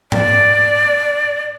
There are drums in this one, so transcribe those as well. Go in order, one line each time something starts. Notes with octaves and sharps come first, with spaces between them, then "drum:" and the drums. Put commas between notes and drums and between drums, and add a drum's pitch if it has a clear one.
D5, drum: tom